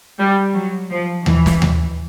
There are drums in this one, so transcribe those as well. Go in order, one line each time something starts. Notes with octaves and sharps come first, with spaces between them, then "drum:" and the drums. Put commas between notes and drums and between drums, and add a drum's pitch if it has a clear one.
G3
F#3
F3
E3, drum: tom D#2
drum: snare
drum: tom D#2